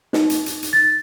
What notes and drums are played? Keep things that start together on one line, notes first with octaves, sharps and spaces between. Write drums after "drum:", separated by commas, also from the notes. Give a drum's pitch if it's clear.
D#4, drum: snare
drum: hi-hat
drum: hi-hat
drum: hi-hat
A6